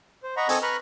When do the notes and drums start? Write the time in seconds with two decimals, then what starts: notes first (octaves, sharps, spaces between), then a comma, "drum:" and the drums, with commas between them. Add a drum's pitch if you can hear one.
0.23 C5
0.37 D#5 F#5 A#5 B5 C#6
0.49 C4 A4 D#5 G#5 C#6, drum: hi-hat
0.62 B4 A#5 B5 C#6 F6 F#6